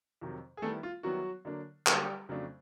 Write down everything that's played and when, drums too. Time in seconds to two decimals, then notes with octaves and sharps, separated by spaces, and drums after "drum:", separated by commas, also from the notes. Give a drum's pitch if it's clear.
0.21 F2 C3 D#3 F#3
0.57 G#4
0.62 D#3 G3 A3 B3 E4 A4
0.83 F4
1.03 D#3 F#3 G3 B3 E4 F#4
1.45 D3 F#3 A#3 D4
1.87 D3 F#3 G3 A#3 D4 G4, drum: clap
2.29 F2 C#3 F#3 A3 D4